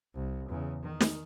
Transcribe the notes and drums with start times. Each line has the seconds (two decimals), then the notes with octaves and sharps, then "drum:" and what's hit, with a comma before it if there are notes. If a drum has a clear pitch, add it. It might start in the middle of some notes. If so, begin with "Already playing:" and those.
0.14 C2
0.49 E2 C#3
0.83 D#3
1.00 drum: snare